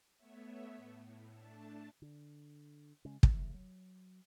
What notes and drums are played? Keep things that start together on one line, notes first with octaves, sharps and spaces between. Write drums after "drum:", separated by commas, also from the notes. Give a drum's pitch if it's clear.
A3 B3 C#5 E5
A2
A3 D4 A5
D3
C#3 G#3 C#4
C#3 E3 A3, drum: kick
F#3